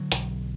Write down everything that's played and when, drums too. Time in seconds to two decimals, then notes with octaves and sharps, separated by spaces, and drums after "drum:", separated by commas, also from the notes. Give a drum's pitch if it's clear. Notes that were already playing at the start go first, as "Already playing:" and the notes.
Already playing: D3 F#3
0.12 B1, drum: hi-hat